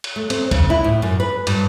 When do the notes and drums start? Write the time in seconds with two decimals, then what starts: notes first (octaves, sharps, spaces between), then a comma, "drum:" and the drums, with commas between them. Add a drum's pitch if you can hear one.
0.04 drum: cymbal
0.16 A3
0.30 C4, drum: cymbal
0.51 C#3, drum: kick C#2, cymbal
0.70 E4
0.84 A2
1.02 F#2
1.20 B4
1.47 G2, drum: cymbal